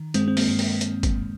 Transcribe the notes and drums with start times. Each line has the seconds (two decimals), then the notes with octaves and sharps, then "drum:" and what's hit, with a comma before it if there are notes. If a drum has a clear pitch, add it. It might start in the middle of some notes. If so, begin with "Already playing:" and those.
Already playing: D#3
0.14 G2 G#3 C4, drum: hi-hat
0.28 C4
0.37 A#3, drum: open hi-hat
0.48 G2
0.59 drum: open hi-hat
0.81 drum: hi-hat
1.03 drum: kick, hi-hat